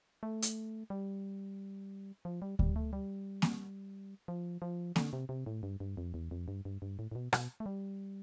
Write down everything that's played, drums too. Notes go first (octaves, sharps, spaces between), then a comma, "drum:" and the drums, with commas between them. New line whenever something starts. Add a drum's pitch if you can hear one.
A3
drum: hi-hat
G3
F3
G3
G3, drum: kick D2
A3
G3
drum: snare A#3
F3
F3
D3, drum: snare A#3
C3
C3
A2
G2
G2
F2
E2
F2
G2
G2
G2
A2
A2
B2
B2, drum: rim click
A3
G3